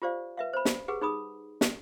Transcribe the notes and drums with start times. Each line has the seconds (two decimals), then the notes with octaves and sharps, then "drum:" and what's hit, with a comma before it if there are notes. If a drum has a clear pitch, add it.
0.02 F4 G4 C5 D5 F5
0.37 B4 E5 F5
0.53 C5 B5
0.65 drum: snare
0.88 G4 G#4 B4 F#5
1.01 D#4 G#4 B5 D#6
1.61 drum: snare